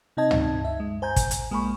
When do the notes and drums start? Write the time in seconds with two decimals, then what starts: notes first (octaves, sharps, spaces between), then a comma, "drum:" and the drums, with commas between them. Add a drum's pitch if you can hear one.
0.17 C3 C4 D#4 D#5 A5 G#6
0.31 drum: tom
0.64 E5
0.80 G#3
1.02 C5 G#5 A#5 G6
1.16 drum: kick, hi-hat
1.31 drum: hi-hat
1.50 A#1 G#3 A#3 G#5 B5 C#6